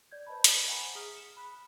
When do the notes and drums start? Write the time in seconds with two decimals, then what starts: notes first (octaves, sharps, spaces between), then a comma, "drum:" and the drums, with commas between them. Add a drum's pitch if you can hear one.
0.11 D5 G6 G#6
0.27 B4 C5 D#5 A5 B5
0.44 drum: hi-hat
0.68 E5 F#5 G#5 A#5 B5 C#6
0.95 G#4 D#6 F6 B6 G7
1.13 B6 C#7 E7
1.37 B5 F#6 B6